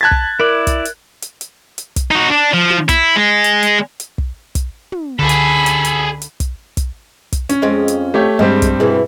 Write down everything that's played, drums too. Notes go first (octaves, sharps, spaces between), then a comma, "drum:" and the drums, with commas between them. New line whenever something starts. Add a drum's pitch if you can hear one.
A5 F#6 G#6 A6 B6
drum: kick
E4 A#4 D5
drum: kick, hi-hat
drum: hi-hat
drum: hi-hat
drum: hi-hat
drum: hi-hat
drum: kick, hi-hat
D#4 F#4
D4
F3
drum: tom
E4, drum: kick, hi-hat
G#3
drum: hi-hat
drum: hi-hat
drum: hi-hat
drum: kick
drum: kick, hi-hat
drum: tom
C#2 D3 G#4 A4 B5
drum: hi-hat
drum: hi-hat
drum: hi-hat
drum: hi-hat
drum: kick, hi-hat
drum: kick, hi-hat
drum: kick, hi-hat
C#4, drum: hi-hat
F2 G#3 C4
drum: hi-hat
A3 G4 C#5
G2 G3 G#3 C4
drum: kick, hi-hat
B2 E3 G#3